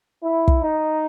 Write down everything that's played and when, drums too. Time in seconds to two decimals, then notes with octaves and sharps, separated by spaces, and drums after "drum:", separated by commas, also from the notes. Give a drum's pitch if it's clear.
0.23 E4
0.48 drum: kick
0.61 D#4